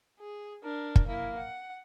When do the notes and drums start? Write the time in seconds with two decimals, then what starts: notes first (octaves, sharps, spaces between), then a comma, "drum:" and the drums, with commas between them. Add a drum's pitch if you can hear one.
0.19 G#4
0.63 D4 A#4
0.96 drum: kick
1.07 A#3 E4
1.37 F#5